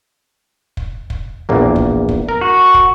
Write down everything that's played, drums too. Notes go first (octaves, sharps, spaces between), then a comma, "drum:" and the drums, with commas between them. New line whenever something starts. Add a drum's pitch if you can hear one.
drum: kick
drum: kick
A#1 E2 A#3
drum: kick
drum: kick
A#4
F#4
drum: kick